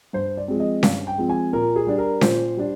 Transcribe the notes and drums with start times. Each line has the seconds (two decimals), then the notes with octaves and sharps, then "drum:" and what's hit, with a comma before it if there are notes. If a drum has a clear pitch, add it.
0.13 G2 C5
0.37 D5
0.48 F3 G#3 C4
0.60 D#5
0.83 G2 F5, drum: snare C#4
1.07 G5
1.18 F3 G#3 C4
1.29 G#5
1.53 A#2 A#4
1.76 G#4
1.87 G3 D4
1.98 A#4
2.21 A#2 C5, drum: snare C#4
2.57 G3 D4